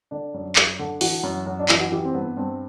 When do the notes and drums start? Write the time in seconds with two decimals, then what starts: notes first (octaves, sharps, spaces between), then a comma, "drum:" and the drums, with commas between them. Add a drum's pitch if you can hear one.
0.11 D3 D4
0.34 F#2
0.56 F#2, drum: clap
0.79 D3
1.01 E3 F#4, drum: open hi-hat
1.23 F#2
1.46 F#2
1.59 D4
1.69 E3 E4, drum: clap
1.80 F#4
1.92 E3 G4
2.05 C4
2.14 G2 B3
2.37 G2 C4